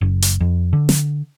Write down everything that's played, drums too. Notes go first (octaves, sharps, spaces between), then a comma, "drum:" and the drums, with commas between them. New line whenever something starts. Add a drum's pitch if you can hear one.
F#1
drum: hi-hat
F2
D3
drum: snare